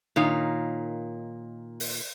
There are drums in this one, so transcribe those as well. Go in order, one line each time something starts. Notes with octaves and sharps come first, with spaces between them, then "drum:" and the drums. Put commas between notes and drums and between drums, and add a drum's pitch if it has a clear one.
A#2 D#3 D#4 C#5 F5
drum: open hi-hat